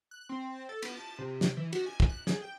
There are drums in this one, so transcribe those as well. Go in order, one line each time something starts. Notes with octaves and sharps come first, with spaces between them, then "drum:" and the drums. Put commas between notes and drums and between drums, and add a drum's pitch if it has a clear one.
F#6
C4
A4
B3, drum: cymbal
A5
C3
drum: snare
E3
F#4, drum: cymbal
G#5
drum: kick
F#6
G#4, drum: snare
G5